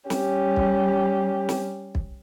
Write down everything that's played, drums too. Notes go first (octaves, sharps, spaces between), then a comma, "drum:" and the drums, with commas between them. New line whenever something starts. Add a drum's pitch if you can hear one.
G3 C#4 G4, drum: snare
drum: kick
drum: snare
drum: kick